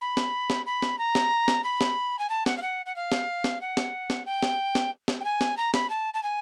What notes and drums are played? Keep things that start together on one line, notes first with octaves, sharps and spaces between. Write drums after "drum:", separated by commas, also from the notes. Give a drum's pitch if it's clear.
B5
drum: snare
drum: snare
B5
drum: snare
A#5
drum: snare
drum: snare
B5
drum: snare
G#5
A5
F#5, drum: snare
F5
F#5
F#5
F5
drum: snare
drum: snare
F#5
drum: snare
drum: snare
G5
drum: snare
drum: snare
drum: snare
G5
G#5
drum: snare
A#5
B5, drum: snare
A5
A5
G#5